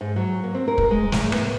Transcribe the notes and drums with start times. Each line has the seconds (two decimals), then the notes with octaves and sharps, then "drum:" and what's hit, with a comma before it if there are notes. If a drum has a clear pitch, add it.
0.01 G#2
0.16 F#3
0.43 A#3
0.54 C4
0.68 A#4
0.78 drum: kick
0.91 G#3
1.12 A2, drum: snare
1.32 B3, drum: rim click